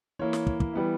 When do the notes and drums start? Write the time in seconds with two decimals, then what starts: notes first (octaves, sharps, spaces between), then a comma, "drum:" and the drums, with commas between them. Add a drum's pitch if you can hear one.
0.19 E3 A#3 E4 C#5
0.33 drum: snare
0.47 drum: kick
0.60 drum: kick
0.73 E3 G3 B3 E4